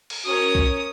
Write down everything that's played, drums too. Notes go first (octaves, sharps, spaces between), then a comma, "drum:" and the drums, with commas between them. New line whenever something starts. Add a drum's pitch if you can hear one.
drum: cymbal
C#4 F#4 A#4 C#5 D#6
drum: kick B1